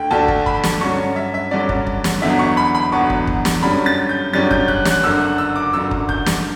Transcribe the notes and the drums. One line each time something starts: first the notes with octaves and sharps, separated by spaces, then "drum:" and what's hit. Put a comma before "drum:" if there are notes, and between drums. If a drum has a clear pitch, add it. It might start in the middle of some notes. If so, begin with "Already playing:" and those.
Already playing: D2 D3 A3 G5
D2 D3 A3 D4 A5
drum: kick
B5, drum: kick
drum: snare
G2 D3 F#3 C#4 C#6
E5
E5
G2 D3 F#3 C#4 D5
drum: kick
drum: kick
drum: snare
E1 E2 D3 F#3 B3 E5
C#6
B5
B5
E1 E2 D3 F#3 B3 C#6
drum: kick
drum: kick
drum: snare
F#2 D3 G3 C#4 B5
A6
G6
F#2 D3 G3 C#4 A6
G6, drum: kick
F#6, drum: kick
F#6, drum: snare
F#1 F#2 D3 E6
F#6
E6
D6
F#1 F#2 D3 E6
drum: kick
G6, drum: kick
drum: snare